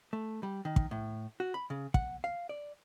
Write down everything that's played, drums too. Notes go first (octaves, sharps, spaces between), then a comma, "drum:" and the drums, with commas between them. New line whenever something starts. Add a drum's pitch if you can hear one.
A3
G3
D#3
drum: kick
A2
F#4
B5
C#3
F#5, drum: kick
F5
D5